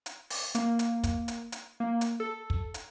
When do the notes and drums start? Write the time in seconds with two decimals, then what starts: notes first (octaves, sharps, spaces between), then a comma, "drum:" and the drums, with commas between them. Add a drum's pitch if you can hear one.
0.06 drum: hi-hat
0.30 drum: open hi-hat
0.55 A#3, drum: hi-hat
0.79 drum: hi-hat
1.04 drum: kick, hi-hat
1.28 drum: hi-hat
1.52 drum: hi-hat
1.80 A#3
2.01 drum: hi-hat
2.20 A4
2.50 drum: kick
2.74 drum: hi-hat